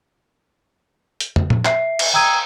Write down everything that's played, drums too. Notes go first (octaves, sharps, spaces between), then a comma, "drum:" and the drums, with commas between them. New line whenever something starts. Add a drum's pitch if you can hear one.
drum: hi-hat
drum: tom
drum: tom A#2
E5 C7, drum: clap
drum: cymbal
G5 A#5 D#6 E6 G#6 D#7